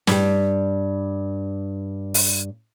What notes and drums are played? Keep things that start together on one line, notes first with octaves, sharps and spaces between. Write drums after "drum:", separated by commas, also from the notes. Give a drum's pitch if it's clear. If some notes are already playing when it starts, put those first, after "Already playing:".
G2 G3, drum: snare
drum: open hi-hat